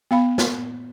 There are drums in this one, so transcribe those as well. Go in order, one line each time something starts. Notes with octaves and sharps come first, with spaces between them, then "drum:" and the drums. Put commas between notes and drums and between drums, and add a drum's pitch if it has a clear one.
B3 F5 B5
drum: snare